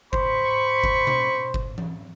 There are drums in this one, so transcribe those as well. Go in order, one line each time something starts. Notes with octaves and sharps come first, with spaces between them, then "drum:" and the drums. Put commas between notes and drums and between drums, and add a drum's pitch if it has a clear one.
C5 B5 C#6, drum: kick G1
drum: kick G1
drum: tom B2
drum: kick G1
drum: tom E3